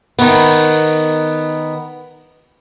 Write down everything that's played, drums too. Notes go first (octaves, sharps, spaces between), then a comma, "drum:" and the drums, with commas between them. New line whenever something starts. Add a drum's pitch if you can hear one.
D#3 B3, drum: open hi-hat